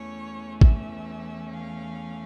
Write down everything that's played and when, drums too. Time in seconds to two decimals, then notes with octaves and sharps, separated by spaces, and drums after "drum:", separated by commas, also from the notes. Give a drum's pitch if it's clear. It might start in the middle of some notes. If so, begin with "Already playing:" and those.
Already playing: E2 E3 A3 C#4 C#5
0.61 E5, drum: kick A1
1.52 F5